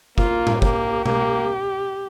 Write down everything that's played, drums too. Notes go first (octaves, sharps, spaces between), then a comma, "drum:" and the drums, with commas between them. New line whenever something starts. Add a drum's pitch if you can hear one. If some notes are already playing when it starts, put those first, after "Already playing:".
A#3 F4, drum: kick
drum: tom A2
A#3 G4, drum: kick
A#3, drum: tom B2